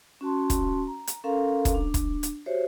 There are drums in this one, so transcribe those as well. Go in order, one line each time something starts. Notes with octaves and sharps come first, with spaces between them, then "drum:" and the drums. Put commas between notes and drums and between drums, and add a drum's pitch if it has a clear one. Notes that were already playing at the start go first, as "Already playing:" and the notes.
C#4 F#4 A5 C6
drum: kick, hi-hat
A#5
drum: hi-hat
C#4 A4 A#4 F5 A#5 C6
drum: kick, hi-hat
D4
drum: kick, hi-hat
drum: hi-hat
F#4 G4 C5 C#5 E5